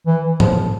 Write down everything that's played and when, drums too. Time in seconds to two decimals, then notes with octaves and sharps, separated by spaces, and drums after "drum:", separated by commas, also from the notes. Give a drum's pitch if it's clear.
0.07 E3
0.40 F3, drum: tom